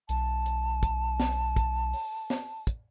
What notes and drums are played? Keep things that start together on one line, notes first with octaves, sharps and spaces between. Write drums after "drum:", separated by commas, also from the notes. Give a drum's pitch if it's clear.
B1 A5, drum: hi-hat
drum: hi-hat
drum: kick, hi-hat
drum: snare
drum: kick, hi-hat
drum: open hi-hat
drum: snare
drum: kick, hi-hat